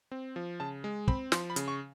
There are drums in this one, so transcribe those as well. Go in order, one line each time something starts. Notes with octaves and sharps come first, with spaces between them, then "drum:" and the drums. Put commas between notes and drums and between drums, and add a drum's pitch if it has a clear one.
C4
F3
C#3 A5
G#3
C4 B5, drum: kick
F3 C6, drum: snare
B5
C#3, drum: hi-hat
C#6